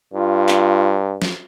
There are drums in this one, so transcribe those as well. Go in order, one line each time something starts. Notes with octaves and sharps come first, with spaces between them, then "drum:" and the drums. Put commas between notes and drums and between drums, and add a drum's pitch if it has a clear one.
G2 F4
drum: clap
drum: snare